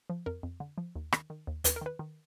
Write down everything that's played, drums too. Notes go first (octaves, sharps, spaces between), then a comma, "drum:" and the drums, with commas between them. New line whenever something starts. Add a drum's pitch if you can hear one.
F3
F2 A#4
F2
D3
F3
D#2
D#3, drum: rim click
D#3
D#2
D#2 B4, drum: hi-hat
A#4
D#3 B4
D#3